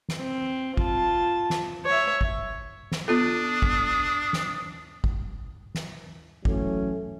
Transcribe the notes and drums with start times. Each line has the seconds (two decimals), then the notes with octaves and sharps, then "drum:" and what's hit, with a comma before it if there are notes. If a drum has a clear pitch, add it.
0.09 drum: snare
0.20 C4
0.77 F4 A5, drum: kick
1.50 drum: snare
1.85 C#5 E5
2.21 drum: kick
2.92 drum: snare
3.08 B3 D4 F4 A4 D#6
3.62 drum: kick
4.33 drum: snare
5.04 drum: kick
5.75 drum: snare
6.45 E3 F#3 A3 C#4, drum: kick